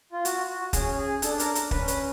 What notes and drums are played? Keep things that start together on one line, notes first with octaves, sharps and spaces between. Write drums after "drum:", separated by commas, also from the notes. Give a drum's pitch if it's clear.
F4
F#4, drum: hi-hat
F#4
C#4 G#4, drum: kick, hi-hat
G#4
D4 A4, drum: hi-hat
A#4, drum: hi-hat
drum: hi-hat
C#4 B4, drum: kick
B4, drum: hi-hat